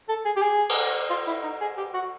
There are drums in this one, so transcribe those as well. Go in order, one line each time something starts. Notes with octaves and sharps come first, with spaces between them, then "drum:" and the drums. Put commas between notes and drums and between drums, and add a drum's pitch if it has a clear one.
A4
G#4
G4
G#4
drum: cymbal
F4
E4
D#4
G#4
G4
F#4